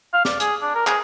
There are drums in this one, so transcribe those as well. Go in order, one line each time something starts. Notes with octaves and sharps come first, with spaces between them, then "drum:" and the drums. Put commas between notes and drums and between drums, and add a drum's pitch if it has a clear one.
F5
D5, drum: snare
G#4, drum: hi-hat
D4
A#4
G#4, drum: clap